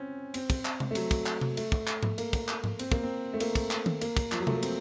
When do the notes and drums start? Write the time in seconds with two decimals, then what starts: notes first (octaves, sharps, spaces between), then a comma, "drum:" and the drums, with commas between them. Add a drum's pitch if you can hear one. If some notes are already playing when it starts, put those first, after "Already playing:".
Already playing: C4 C#4
0.34 C4, drum: cymbal
0.50 drum: kick, cymbal
0.65 drum: clap
0.80 drum: tom C3
0.91 A3
0.95 F#3, drum: cymbal
1.11 drum: kick, cymbal
1.26 drum: clap
1.41 drum: tom C3
1.57 A3, drum: cymbal
1.72 drum: kick
1.87 drum: clap
2.03 drum: tom G#2
2.18 A#3, drum: cymbal
2.33 drum: kick, cymbal
2.48 drum: clap
2.64 drum: tom G#2
2.79 C4, drum: cymbal
2.92 A#3, drum: kick
3.03 C4
3.33 A3
3.40 A#3, drum: cymbal
3.55 drum: kick, cymbal
3.71 drum: clap
3.86 drum: tom D#3
4.01 A#3, drum: cymbal
4.17 drum: kick, cymbal
4.32 F3, drum: clap
4.39 F#3
4.47 A3, drum: tom C3
4.54 A#3
4.63 C4, drum: cymbal